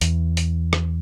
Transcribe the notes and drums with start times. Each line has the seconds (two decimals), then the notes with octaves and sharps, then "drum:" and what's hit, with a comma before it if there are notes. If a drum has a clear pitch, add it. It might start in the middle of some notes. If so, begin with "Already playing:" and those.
0.01 E2, drum: hi-hat
0.37 drum: hi-hat
0.73 drum: rim click